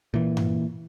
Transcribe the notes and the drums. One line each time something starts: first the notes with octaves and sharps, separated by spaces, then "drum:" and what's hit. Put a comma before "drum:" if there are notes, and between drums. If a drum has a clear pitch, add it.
A#2 E3
drum: tom G2